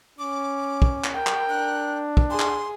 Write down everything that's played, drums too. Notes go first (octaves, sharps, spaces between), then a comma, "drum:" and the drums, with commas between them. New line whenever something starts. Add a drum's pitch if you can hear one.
C#4 D6
drum: kick
drum: clap
A#4 G5
drum: clap
D4 F#6
drum: kick
G#4 C6
drum: clap